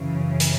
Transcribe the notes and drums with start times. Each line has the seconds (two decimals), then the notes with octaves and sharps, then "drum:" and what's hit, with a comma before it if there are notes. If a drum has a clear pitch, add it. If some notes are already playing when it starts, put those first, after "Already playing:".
Already playing: F#2 C#3 E3
0.40 drum: hi-hat